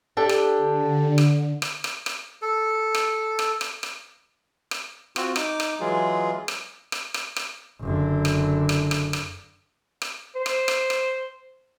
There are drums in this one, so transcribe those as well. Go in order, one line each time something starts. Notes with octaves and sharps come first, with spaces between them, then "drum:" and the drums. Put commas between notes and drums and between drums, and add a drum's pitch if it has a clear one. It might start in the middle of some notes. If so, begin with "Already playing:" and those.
D4 G4 A4
drum: rim click
D3
drum: rim click
drum: rim click
drum: rim click
drum: rim click
A4
drum: rim click
drum: rim click
drum: rim click
drum: rim click
drum: rim click
C4 F4 F#4, drum: rim click
D#4 D6, drum: rim click
drum: rim click
E3 F#3 G#3 F4 G#4
drum: rim click
drum: rim click
drum: rim click
drum: rim click
F#1 D3
drum: rim click
drum: rim click
drum: rim click
drum: rim click
drum: rim click
C5
drum: rim click
drum: rim click
drum: rim click